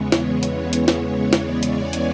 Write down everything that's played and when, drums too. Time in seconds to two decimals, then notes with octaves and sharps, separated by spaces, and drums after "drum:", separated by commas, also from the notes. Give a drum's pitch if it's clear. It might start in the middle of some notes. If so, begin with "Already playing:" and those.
Already playing: E2 C#3 E3 G#3 B3 C#5
0.12 C#5, drum: snare
0.43 drum: hi-hat
0.73 drum: hi-hat
0.88 drum: snare
1.33 D5, drum: snare
1.63 G#5, drum: hi-hat
1.93 drum: hi-hat